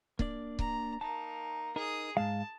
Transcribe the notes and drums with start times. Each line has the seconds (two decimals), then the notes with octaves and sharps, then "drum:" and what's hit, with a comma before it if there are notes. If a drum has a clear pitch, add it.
0.19 A#3 D4 D5, drum: kick C#1
0.59 A#5, drum: kick C#1
1.01 A#3 D#4 A5
1.76 D#4 G#4 A#4 D#6
2.17 G#2 G#3 F5 A5